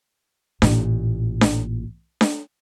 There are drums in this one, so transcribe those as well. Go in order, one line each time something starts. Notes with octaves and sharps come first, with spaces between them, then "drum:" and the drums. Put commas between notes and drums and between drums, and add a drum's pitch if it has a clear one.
A1 A#2, drum: snare D4
drum: snare D4
drum: snare D4